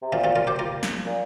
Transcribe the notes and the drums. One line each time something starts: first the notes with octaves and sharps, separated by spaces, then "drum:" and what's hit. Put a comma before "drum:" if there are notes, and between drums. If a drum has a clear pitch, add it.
C3
A#2 C4 F4
C4 F4
F4 A#4
G4 C5
F4 A#4
drum: snare
A#2